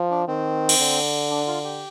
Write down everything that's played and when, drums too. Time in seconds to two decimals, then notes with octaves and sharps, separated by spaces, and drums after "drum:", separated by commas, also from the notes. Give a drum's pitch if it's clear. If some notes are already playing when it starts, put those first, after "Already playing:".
Already playing: F3
0.11 D4
0.28 D#3 C4
0.69 drum: cymbal
0.79 D3
1.30 D4
1.47 F4
1.64 G4